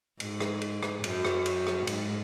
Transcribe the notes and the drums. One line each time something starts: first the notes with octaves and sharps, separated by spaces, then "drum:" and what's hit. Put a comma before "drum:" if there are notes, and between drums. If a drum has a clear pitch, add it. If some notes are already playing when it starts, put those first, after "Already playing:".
G#2, drum: cymbal
drum: rim click
drum: cymbal
drum: rim click
F#2, drum: cymbal
drum: rim click
drum: cymbal
drum: rim click
G#2, drum: cymbal